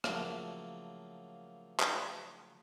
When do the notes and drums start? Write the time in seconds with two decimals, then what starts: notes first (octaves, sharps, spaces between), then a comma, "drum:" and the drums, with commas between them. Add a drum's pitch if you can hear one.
0.04 C#3 F3 F#3 A3 A#3, drum: rim click
1.80 drum: clap